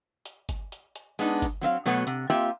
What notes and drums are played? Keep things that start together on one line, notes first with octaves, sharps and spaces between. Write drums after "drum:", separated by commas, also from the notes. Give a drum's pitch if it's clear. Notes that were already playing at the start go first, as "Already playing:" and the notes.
drum: hi-hat
drum: kick G1, hi-hat
drum: hi-hat
drum: hi-hat
G#3 B3 D4 D#4, drum: hi-hat
drum: kick G1, hi-hat
F#3 C4 E5 F5
B2 F#3 A3 B3 F#4
C3
A#3 C4 F4 G4 E5 G5